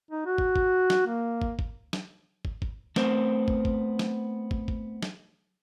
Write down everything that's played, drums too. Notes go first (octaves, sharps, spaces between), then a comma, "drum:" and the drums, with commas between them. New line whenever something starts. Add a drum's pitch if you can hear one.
D#4
F#4
drum: kick
drum: kick
drum: snare
A#3
drum: kick
drum: kick
drum: snare
drum: kick
drum: kick
A3 B3 C4 A#4 C5, drum: snare
drum: kick
drum: kick
drum: snare
drum: kick
drum: kick
drum: snare